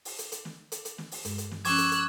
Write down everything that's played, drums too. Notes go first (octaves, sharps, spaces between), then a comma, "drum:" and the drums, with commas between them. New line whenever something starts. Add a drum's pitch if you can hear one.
drum: open hi-hat
drum: hi-hat
drum: hi-hat
drum: snare
drum: hi-hat
drum: hi-hat
drum: snare
drum: open hi-hat
G2 G#3, drum: hi-hat
drum: hi-hat
drum: snare
F3 C#4 C#6 D6 E6 F#6 G#6, drum: open hi-hat
drum: hi-hat
drum: hi-hat